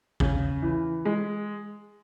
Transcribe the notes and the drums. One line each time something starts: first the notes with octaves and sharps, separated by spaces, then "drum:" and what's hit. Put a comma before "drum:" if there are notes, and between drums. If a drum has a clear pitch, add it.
C#3, drum: kick A1
E3
G#3